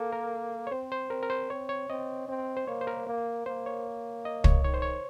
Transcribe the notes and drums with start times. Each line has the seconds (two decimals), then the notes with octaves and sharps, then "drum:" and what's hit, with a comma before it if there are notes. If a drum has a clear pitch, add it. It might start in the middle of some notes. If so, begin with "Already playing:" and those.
Already playing: A#3 A4
0.12 A#4
0.67 C#5
0.71 C4 C5
0.92 C5
1.10 C4 A#4
1.23 A#4
1.30 C5
1.50 C4 C#5
1.69 C#5
1.89 C4 D#5
2.29 C4
2.57 C5
2.67 A#3 C#5
2.81 C5
2.87 A#4
3.07 A#3
3.46 A#3 C5
3.66 C#5
4.25 D#5
4.44 C#5, drum: kick
4.64 D#3 C#5
4.74 C5
4.82 C#5